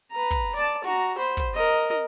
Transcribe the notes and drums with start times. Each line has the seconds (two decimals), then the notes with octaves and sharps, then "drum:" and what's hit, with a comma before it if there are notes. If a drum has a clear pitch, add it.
0.12 B4 A#5
0.31 drum: kick, hi-hat
0.55 D5 A5, drum: hi-hat
0.84 F#4 A#5, drum: snare
1.18 C5 B5
1.37 drum: kick, hi-hat
1.54 A#4 D#5
1.64 drum: hi-hat
1.90 drum: snare